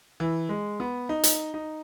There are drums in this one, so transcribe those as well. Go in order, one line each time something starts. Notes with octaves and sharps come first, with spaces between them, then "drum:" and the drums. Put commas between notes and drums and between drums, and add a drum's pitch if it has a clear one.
E3
G#3
B3
D#4
drum: hi-hat
D#4